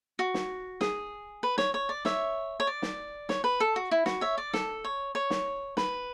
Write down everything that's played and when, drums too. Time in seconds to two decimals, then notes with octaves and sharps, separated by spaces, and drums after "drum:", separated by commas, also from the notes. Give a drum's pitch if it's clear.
0.19 F#4
0.34 drum: snare
0.81 G#4, drum: snare
1.43 B4
1.58 C#5, drum: snare
1.74 C#5
1.89 D5
2.05 C#5 E5, drum: snare
2.60 C#5
2.67 D5
2.82 drum: snare
3.29 C#5, drum: snare
3.44 B4
3.60 A4
3.76 F#4
3.91 E4
4.06 F#4, drum: snare
4.21 C#5 E5
4.38 D5
4.53 A4, drum: snare
4.84 C#5
5.15 C#5
5.30 drum: snare
5.77 B4, drum: snare